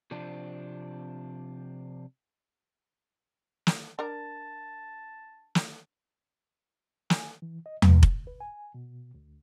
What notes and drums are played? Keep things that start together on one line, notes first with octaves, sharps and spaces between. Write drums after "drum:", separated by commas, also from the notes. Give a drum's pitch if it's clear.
C3 F3 C4 D4
drum: snare
D4 A#4 A5 A#5
drum: snare
G#5, drum: snare
E3
D#5
B4, drum: tom E2
D2, drum: kick F1
B4
G#5
B2
D2